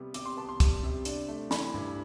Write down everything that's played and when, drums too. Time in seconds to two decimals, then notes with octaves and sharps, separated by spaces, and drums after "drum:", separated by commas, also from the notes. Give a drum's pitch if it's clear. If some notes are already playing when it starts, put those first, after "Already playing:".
Already playing: C3 G3 B3
0.14 C3 D6, drum: hi-hat
0.25 C6
0.37 B3 A5
0.49 C6
0.60 G3, drum: kick, hi-hat
0.83 C3
1.05 D4, drum: hi-hat
1.28 A3
1.51 E3 B5, drum: snare
1.74 G2